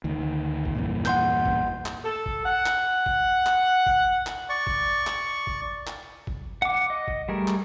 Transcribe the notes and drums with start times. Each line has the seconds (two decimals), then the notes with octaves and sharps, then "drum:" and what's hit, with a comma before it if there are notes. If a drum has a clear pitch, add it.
0.04 D2 D#3
0.65 drum: kick
0.75 E2 G2 A#2
1.05 F#5 C6 G6, drum: clap
1.46 drum: kick
1.86 drum: clap
2.05 A4
2.26 drum: kick
2.45 F#5
2.66 drum: clap
3.06 drum: kick
3.46 drum: clap
3.86 drum: kick
4.27 drum: clap
4.49 D5 C#6
4.67 drum: kick
5.07 drum: clap
5.47 drum: kick
5.87 drum: clap
6.27 drum: kick
6.62 F#5 D6
6.90 D#5
7.08 drum: kick
7.29 G3 A3 G#4 A#4
7.48 drum: clap